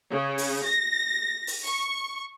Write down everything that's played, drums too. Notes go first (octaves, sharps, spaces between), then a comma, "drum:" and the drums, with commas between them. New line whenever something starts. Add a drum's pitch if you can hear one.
C#3
drum: open hi-hat
A#6
drum: open hi-hat
C#6